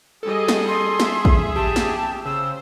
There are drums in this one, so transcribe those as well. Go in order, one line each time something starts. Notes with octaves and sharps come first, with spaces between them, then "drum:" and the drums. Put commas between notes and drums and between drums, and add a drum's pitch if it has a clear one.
G3 G#4 A4 D#5
drum: snare
C6
E5, drum: snare
drum: kick A1
G4 A5
drum: snare
C#3 C5 E6